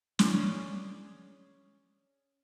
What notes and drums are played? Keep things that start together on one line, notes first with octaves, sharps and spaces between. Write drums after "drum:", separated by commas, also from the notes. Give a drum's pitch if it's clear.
C#4 G#4 D5, drum: snare